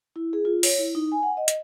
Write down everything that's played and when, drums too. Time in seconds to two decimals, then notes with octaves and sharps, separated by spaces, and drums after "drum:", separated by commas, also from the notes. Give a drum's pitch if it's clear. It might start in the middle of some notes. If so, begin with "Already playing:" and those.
0.16 E4
0.33 G#4
0.45 F4
0.63 C#5, drum: open hi-hat
0.78 E4
0.95 D#4
1.12 G#5
1.23 F#5
1.37 D#5
1.48 drum: hi-hat